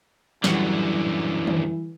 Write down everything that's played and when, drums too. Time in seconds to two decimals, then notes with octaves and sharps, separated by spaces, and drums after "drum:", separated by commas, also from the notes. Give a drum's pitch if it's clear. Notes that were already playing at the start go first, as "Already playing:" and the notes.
0.44 F#2 D3 E3 F#3 G3 F#5, drum: snare
1.47 drum: tom